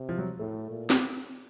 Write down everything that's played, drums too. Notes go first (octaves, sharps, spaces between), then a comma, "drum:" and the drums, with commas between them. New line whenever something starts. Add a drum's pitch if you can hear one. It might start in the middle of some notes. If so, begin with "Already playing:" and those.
Already playing: C3
F3
F#3
A2 A3
A#2
drum: snare